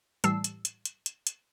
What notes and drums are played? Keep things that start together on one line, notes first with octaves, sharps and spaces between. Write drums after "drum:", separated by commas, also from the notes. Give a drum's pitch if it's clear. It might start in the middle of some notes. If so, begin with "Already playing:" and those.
A2 E3 G3 A5 E6 C7, drum: hi-hat
drum: hi-hat
drum: hi-hat
drum: hi-hat
drum: hi-hat
drum: hi-hat